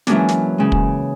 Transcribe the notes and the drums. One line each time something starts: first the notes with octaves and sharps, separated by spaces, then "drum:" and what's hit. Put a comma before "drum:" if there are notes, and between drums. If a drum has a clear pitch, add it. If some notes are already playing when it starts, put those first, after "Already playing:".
E3 F#3 G#3 A#3 C#4 D4, drum: snare
drum: snare
C#3 G#3
drum: kick